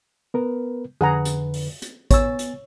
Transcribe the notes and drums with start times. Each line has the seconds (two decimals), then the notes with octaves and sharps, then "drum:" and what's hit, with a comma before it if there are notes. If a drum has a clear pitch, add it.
0.34 B3 A#4 B4
1.01 F2 D3 G#4 B4 F#5 A#5
1.25 drum: hi-hat
1.54 drum: open hi-hat
1.82 drum: hi-hat
2.11 B3 C#5 G#5 E6 A6, drum: kick, hi-hat
2.39 drum: hi-hat